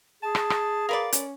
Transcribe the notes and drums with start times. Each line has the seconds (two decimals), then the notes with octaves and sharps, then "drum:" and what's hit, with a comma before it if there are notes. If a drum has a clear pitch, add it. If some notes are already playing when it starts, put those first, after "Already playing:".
0.23 G#4 A5
0.35 drum: rim click
0.50 drum: rim click
0.89 A#4 B4 D5 F5
1.13 C#4, drum: hi-hat